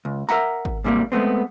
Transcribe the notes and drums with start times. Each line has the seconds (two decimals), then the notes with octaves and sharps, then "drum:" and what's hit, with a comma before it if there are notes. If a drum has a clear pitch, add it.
0.05 C#2
0.29 A#4 E5 F#5 A#5, drum: snare
0.65 drum: kick G#1
0.84 G#2 C3 G3 G#3 A#3
1.12 G#3 A3 B3 C4